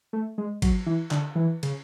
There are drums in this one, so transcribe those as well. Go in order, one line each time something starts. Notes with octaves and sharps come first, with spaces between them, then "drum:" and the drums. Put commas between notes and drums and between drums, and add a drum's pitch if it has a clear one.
A3
G#3
F#3, drum: kick A1, cymbal
E3
D3, drum: clap
E3
C#3, drum: cymbal